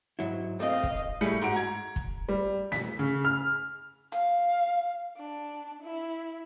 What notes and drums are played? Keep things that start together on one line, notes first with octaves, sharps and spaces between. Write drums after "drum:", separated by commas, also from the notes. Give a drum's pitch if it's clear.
G#2 F#3 E4
A3 C4 D#5 F5
drum: kick
A2 G3 A3 G#4 C#7
G#2 F#4 D7
A#5 G#6
drum: kick
G3
B6, drum: snare
C#3
F6
F5, drum: hi-hat
D4
E4